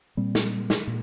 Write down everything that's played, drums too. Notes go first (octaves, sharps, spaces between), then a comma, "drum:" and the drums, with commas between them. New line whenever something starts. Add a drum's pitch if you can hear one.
A#2 G3 C4
drum: snare
drum: snare
A#2